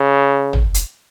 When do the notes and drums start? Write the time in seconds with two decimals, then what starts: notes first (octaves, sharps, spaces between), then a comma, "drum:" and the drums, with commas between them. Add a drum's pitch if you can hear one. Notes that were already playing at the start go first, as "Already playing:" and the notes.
Already playing: C#3
0.53 drum: tom
0.74 drum: hi-hat